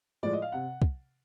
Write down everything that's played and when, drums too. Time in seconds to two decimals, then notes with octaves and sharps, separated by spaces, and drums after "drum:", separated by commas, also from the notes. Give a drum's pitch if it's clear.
0.23 A2 F3 G#3 D5
0.33 D#5
0.42 F5
0.52 C3 F#5
0.82 drum: kick